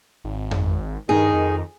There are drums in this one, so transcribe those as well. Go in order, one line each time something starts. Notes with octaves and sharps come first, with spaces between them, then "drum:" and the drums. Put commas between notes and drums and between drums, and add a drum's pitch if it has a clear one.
G#1
drum: tom F2
G2 D#3 D#4 G#4
F2